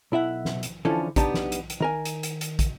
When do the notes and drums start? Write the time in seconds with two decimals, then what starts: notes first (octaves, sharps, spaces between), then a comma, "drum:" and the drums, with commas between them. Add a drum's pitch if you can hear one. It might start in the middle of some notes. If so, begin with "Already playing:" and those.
0.12 B1 E4 E5 F#5
0.45 drum: snare
0.63 drum: hi-hat
0.85 D3 E3 F3 C#4 E4 A4
1.16 B3 D4 D#4 G4, drum: kick, hi-hat
1.34 drum: snare
1.52 drum: hi-hat
1.70 drum: hi-hat
1.80 D#3 A#4 G#5
2.05 drum: hi-hat
2.23 drum: hi-hat
2.41 drum: hi-hat
2.59 drum: kick, hi-hat